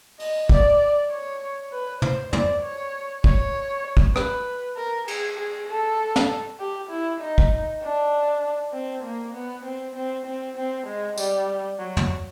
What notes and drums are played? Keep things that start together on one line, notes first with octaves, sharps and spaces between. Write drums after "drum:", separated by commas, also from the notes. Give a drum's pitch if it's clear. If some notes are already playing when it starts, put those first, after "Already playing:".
D#5, drum: open hi-hat
D5, drum: kick
C#5
B4
C5, drum: tom
D5, drum: tom
C#5
C#5, drum: kick
drum: kick
B4, drum: rim click
A#4
G#4, drum: cymbal
G#4
A4
drum: snare
G4
E4
D#4
drum: kick
D4
C4
A#3
B3
C4
C4
C4
C4
G#3
G3, drum: tambourine
F#3
drum: tom